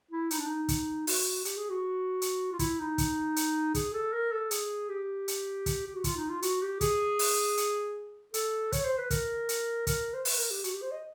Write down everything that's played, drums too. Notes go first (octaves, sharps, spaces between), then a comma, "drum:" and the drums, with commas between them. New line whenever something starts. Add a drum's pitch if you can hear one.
E4
D#4, drum: hi-hat
D4
D#4
drum: kick, hi-hat
F#4, drum: open hi-hat
G4, drum: hi-hat
G#4
F#4
drum: hi-hat
F4
E4, drum: kick, hi-hat
D#4
drum: kick, hi-hat
drum: hi-hat
G#4, drum: kick, hi-hat
A4
A#4
A4
G#4, drum: hi-hat
G4
drum: hi-hat
drum: kick, hi-hat
G4
F#4
F4, drum: kick, hi-hat
D#4
F4
F#4, drum: hi-hat
G4
G#4, drum: kick, hi-hat
drum: open hi-hat
drum: hi-hat
A4, drum: hi-hat
C#5, drum: kick, hi-hat
C5
B4
A#4, drum: kick, hi-hat
drum: hi-hat
A#4, drum: kick, hi-hat
C5
B4, drum: open hi-hat
A#4
G4
F#4, drum: hi-hat
G4
C5
D#5